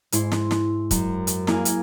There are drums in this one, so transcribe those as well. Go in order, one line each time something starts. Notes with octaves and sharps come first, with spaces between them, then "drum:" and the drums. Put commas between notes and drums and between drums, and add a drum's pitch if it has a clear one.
G#2 E4 C6, drum: hi-hat
drum: snare
drum: snare
F#2, drum: kick, hi-hat
drum: hi-hat
A#3 E4 G#4 A#4 F5 G#5, drum: snare
drum: hi-hat